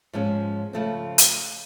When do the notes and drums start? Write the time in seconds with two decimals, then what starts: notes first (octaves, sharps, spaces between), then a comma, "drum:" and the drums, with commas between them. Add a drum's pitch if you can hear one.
0.13 G#2 F3 G#3 C#4
0.73 C#3 F3 A3 C4
1.18 drum: hi-hat